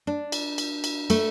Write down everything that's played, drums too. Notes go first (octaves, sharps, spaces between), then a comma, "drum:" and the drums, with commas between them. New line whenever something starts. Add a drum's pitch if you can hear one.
D4
drum: cymbal
drum: cymbal
drum: cymbal
A3, drum: cymbal